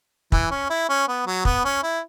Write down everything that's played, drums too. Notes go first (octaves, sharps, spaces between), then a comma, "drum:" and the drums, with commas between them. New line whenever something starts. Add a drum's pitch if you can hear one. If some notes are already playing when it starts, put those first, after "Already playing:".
E3, drum: kick
C#4
E4
C#4
B3
F#3
B3, drum: kick
C#4
E4